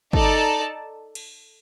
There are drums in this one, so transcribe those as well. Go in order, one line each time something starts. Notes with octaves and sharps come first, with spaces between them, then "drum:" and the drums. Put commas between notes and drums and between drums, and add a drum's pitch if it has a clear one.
D#4 A4 D5 A5, drum: kick
drum: cymbal